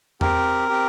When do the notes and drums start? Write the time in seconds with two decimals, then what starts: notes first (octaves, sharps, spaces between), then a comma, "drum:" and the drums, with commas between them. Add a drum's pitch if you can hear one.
0.21 C4 G4 A#4, drum: tom E2
0.69 C4 G4